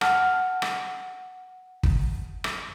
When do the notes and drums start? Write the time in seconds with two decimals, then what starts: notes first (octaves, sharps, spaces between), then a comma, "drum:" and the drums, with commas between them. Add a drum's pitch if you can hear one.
0.01 F#5 A5 F6, drum: rim click
0.62 drum: rim click
1.83 drum: kick
2.44 drum: rim click